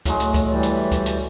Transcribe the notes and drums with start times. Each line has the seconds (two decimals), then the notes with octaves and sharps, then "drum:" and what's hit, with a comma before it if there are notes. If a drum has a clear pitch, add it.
0.05 A2 F#3 G#3, drum: kick C#2, hi-hat
0.20 drum: hi-hat
0.34 drum: kick C#2, hi-hat
0.48 E3 G3
0.63 drum: hi-hat
0.92 drum: kick C#2, hi-hat
1.06 drum: hi-hat